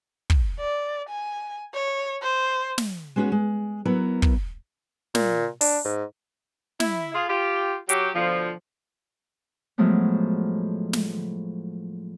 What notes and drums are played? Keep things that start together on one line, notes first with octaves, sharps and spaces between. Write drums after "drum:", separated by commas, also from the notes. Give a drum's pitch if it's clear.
drum: kick
D5
G#5
C#5
C5
drum: snare
G#3 B3 C#4 F4 F#4
G#3
F#3 B3 E4 A#4
drum: kick
A#2, drum: snare
D4, drum: open hi-hat
G#2
E4, drum: snare
F4 G#4
F4 G4
F#3 G4, drum: hi-hat
B2 D3 F3
A2 F3 F#3 G#3 A3 B3
drum: snare